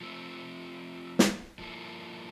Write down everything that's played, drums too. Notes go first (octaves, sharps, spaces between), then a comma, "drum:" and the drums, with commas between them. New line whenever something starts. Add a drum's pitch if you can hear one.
F3 A3 C4
drum: snare
G2 F3 A#3 E4 A4